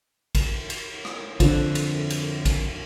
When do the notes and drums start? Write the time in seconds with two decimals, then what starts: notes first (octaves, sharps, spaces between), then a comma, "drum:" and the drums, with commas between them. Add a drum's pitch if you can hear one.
0.35 drum: kick A1, cymbal
0.70 drum: cymbal
1.05 drum: rim click
1.40 F2 D3 F3, drum: kick A1, cymbal
1.75 drum: cymbal
2.10 drum: cymbal
2.45 drum: kick A1, cymbal